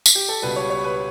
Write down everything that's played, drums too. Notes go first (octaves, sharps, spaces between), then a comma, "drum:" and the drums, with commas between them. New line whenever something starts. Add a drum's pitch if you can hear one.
drum: tambourine
G4
A4
C#2 B2 G3 B4
C#5
C#5
B4